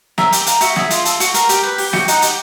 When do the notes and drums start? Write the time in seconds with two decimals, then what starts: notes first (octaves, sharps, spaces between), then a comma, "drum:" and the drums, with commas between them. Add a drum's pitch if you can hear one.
0.18 A#4 E5, drum: snare
0.32 G4, drum: hi-hat
0.46 A#4 F5, drum: hi-hat
0.61 F#4 E5, drum: hi-hat
0.76 G#4 E5, drum: snare
0.91 F4, drum: hi-hat
1.05 A4, drum: hi-hat
1.20 F#4, drum: hi-hat
1.34 A#4 F5, drum: hi-hat
1.49 G4 G5, drum: hi-hat
1.63 B4
1.78 G4, drum: open hi-hat
1.93 F#4 G5, drum: snare
2.08 D#4 F#5, drum: hi-hat
2.22 G4, drum: hi-hat